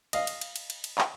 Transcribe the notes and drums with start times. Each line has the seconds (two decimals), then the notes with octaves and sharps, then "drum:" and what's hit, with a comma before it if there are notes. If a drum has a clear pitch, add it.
0.13 D#5 F5, drum: cymbal
0.27 drum: cymbal
0.41 drum: cymbal
0.56 drum: cymbal
0.70 drum: cymbal
0.84 drum: cymbal
0.98 drum: clap